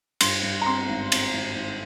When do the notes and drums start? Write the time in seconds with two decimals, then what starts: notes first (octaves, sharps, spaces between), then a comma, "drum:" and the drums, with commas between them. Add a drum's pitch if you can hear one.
0.21 G2 C6, drum: cymbal
0.43 G2
0.62 A#5
0.66 C4 C6
0.88 G#1
1.12 C4, drum: cymbal
1.34 G#1
1.56 G#1